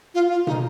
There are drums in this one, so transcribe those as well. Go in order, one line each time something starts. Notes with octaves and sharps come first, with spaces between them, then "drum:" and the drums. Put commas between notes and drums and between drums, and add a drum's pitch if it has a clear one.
F4
F4
D#4, drum: tom